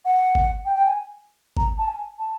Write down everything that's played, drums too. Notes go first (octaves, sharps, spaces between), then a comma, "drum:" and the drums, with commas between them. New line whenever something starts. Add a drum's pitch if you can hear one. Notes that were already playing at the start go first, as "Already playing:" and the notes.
F#5
drum: kick G1
G5
G5
G#5
A#5, drum: kick G1
A5
G#5
A5